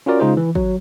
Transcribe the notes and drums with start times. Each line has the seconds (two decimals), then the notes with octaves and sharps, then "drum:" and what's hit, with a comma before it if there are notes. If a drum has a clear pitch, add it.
0.06 C#4 F4 F#4 A#4 D5
0.20 C#3 G#3 D#4 F4 G#4 C5
0.37 E3
0.55 F#3, drum: kick G#1